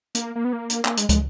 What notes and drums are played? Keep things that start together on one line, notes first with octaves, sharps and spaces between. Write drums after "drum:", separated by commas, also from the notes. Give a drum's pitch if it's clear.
A#3, drum: hi-hat
A#3
B3
A#3
drum: hi-hat
A#3, drum: clap
G#3, drum: hi-hat
G#3, drum: kick, hi-hat